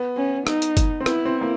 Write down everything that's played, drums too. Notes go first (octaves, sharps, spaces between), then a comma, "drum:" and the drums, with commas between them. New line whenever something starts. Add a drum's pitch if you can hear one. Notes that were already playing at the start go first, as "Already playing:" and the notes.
Already playing: B3
C#4
D#4, drum: rim click
drum: hi-hat
drum: kick, hi-hat
C4
B3 E4, drum: rim click
C4
A#3